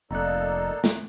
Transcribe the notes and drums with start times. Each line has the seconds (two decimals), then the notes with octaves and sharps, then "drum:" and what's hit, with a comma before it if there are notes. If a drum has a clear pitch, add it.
0.11 F1 A#3 D#4 A4 D5 A#5 F#6
0.84 drum: snare